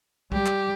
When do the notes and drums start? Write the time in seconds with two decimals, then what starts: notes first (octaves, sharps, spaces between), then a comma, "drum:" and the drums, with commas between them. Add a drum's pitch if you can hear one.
0.32 G3 G4, drum: kick
0.46 drum: clap